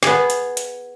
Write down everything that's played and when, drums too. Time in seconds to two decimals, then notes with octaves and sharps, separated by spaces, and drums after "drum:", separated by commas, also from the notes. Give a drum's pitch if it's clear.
0.03 B3 G#4, drum: snare
0.30 drum: hi-hat
0.57 drum: hi-hat